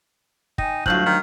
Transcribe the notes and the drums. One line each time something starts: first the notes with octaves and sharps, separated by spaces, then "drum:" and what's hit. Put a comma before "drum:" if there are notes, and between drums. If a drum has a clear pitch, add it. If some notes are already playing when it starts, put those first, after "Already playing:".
D#4 G5 G#5, drum: kick
D2 A2 F#3 F4 F#6 G6 F#7, drum: kick
D#3